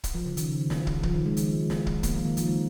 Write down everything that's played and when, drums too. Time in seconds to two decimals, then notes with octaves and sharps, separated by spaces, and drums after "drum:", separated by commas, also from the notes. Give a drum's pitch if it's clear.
0.04 drum: kick, hi-hat
0.14 F3
0.26 C#3
0.37 D#3, drum: hi-hat
0.70 drum: snare
0.87 drum: kick
1.03 F3, drum: kick
1.15 D#3
1.26 G#3
1.37 drum: hi-hat
1.70 drum: snare
1.87 drum: kick
2.03 A#3, drum: kick, hi-hat
2.14 F3
2.25 D#3
2.37 F3, drum: hi-hat
2.47 G#3